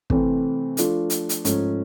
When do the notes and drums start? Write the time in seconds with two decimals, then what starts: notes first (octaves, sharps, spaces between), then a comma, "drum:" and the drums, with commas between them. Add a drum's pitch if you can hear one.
0.10 C3 E3 A3 C4, drum: kick
0.77 F3 A3 D4 F4, drum: hi-hat
1.10 drum: hi-hat
1.29 drum: hi-hat
1.45 G#2 F3 A3 C#4, drum: hi-hat